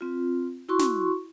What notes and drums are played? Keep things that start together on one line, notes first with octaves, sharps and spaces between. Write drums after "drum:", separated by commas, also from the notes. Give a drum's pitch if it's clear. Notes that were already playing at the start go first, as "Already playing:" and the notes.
C4 F4
E4 F#4 C6 C#6
drum: snare